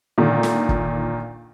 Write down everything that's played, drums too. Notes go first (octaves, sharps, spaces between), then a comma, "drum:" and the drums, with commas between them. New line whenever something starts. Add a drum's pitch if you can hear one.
A#2 D3 D#3
drum: snare
drum: kick